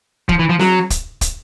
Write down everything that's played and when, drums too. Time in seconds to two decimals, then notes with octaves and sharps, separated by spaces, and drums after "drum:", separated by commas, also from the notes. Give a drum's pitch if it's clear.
0.29 F3, drum: kick
0.39 E3
0.49 F3
0.59 F#3, drum: snare
0.90 drum: kick, hi-hat
1.21 drum: kick, hi-hat